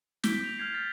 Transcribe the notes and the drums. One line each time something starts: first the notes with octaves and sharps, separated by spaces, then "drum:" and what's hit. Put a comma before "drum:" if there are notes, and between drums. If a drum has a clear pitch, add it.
G6 A#6 B6 D7 G7, drum: snare
F7
F6 G6 G#6 C7 F7
A6